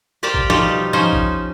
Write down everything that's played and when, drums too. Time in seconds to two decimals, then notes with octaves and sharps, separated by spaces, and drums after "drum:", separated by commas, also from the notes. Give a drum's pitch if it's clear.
0.23 G4 A#4 C5 D5 F5 G5
0.34 drum: kick A1
0.50 B2 F3 G3 D#4 F4 G4
0.93 F3 C#4 D#4 C5
1.13 drum: kick A1